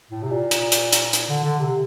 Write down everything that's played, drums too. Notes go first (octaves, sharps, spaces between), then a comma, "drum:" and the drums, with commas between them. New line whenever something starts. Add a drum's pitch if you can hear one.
A2
C3
A#2
drum: hi-hat
drum: hi-hat
drum: hi-hat
drum: hi-hat
D3
D3
C3